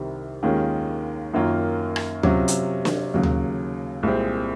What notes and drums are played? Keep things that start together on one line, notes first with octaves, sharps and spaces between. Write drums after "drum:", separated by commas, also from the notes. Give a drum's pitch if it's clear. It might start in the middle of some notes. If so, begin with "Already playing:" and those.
Already playing: C2 C3 D#3
D#2 D#3 G#3 C#4 F4
F#2 D#3 A#3 C#4 F4
drum: rim click
C3 F#3 C#4 F4, drum: tom D2
drum: hi-hat
drum: snare
D#2 C#3 F#3
drum: tom D2
C2 A#2 G#3 C4